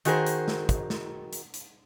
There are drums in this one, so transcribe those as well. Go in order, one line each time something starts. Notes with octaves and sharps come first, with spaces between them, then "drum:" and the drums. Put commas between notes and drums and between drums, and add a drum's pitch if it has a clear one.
D#3 F#4 G#4 A#4 C5, drum: hi-hat
drum: hi-hat
drum: snare
drum: kick, hi-hat
drum: snare
drum: hi-hat
drum: hi-hat